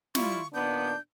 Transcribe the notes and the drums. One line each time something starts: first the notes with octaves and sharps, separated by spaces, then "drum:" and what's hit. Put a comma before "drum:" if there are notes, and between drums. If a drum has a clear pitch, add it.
G3 E4 F4 C#6, drum: snare
A#2 D#3 B3 D4 G6